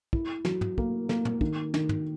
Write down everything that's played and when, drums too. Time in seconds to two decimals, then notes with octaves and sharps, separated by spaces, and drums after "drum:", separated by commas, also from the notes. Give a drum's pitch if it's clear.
0.13 E4, drum: kick
0.45 F#3, drum: snare
0.61 drum: tom
0.78 A#3, drum: kick
1.09 A#3, drum: snare
1.25 drum: tom
1.41 D#3, drum: kick
1.74 D#3, drum: snare
1.89 drum: tom